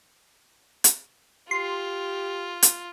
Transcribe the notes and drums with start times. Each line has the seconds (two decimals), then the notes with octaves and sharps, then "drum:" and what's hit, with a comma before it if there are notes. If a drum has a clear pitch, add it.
0.84 drum: hi-hat
1.51 F4 G4 C6
2.63 drum: hi-hat